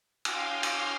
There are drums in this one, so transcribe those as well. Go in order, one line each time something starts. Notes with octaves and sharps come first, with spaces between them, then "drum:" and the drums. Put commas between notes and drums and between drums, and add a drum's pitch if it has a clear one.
F5 G5 C6 D6 D#6 F6, drum: cymbal
drum: cymbal